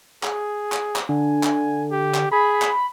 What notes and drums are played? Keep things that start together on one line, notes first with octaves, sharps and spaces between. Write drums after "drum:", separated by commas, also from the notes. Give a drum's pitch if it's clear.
G#4, drum: clap
drum: clap
drum: clap
D3 G#5
drum: clap
G4
drum: clap
G#4 B5
drum: clap